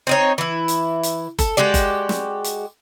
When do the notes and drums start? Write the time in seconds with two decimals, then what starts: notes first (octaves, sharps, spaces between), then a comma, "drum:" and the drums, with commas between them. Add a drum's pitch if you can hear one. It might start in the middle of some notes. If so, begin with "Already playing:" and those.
0.07 C4 D#4 C#5
0.38 E3 E4
0.68 drum: hi-hat
1.03 drum: hi-hat
1.39 A4, drum: kick F#1, hi-hat
1.57 G#3 F#4 G4 D5
1.74 drum: kick F#1, hi-hat
2.09 drum: snare
2.44 drum: hi-hat